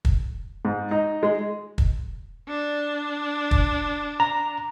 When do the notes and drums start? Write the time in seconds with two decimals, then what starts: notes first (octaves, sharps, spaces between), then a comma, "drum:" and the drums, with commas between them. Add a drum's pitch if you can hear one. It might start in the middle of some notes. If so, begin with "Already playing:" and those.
0.05 drum: kick
0.65 G#2
0.91 D#4
1.23 G#3
1.78 drum: kick
2.49 D4
3.51 drum: kick
4.20 A#5